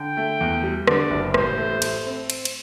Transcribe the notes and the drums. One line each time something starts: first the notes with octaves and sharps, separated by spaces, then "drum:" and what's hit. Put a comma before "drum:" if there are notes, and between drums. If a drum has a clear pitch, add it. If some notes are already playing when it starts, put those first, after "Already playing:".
Already playing: D3 G5
A3
E2
G3
D3 D5, drum: rim click
F#1
A1 C5, drum: rim click
A3
A3, drum: cymbal
C4
drum: cymbal
drum: cymbal